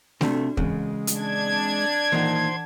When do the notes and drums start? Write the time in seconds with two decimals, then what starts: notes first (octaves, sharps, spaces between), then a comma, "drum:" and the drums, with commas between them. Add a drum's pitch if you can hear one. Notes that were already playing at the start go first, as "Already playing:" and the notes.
0.21 C3 A3 D4 F#4 A4 D5, drum: snare A3
0.57 C#3 E3 G#3 C4, drum: kick
1.07 drum: hi-hat
1.17 D4 G#6
2.12 A#2 D#3 E3 C5 F#5 C6